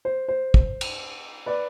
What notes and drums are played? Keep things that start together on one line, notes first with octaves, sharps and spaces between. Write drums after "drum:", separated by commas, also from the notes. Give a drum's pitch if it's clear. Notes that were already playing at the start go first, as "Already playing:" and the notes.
C5
C5
drum: kick
drum: cymbal
B4 D5